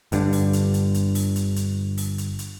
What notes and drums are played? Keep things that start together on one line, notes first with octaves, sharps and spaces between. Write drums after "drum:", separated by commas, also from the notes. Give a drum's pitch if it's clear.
G1 G2 D3 D4, drum: hi-hat
drum: open hi-hat
drum: hi-hat
drum: hi-hat
drum: hi-hat
drum: open hi-hat
drum: hi-hat
drum: hi-hat
drum: open hi-hat
drum: hi-hat
drum: hi-hat